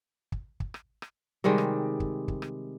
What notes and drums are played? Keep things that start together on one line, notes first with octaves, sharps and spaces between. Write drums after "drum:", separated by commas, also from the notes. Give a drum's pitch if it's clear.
drum: kick
drum: kick
drum: rim click
drum: rim click
C3 D#3 G3 G#3
drum: rim click
drum: kick
drum: kick
drum: rim click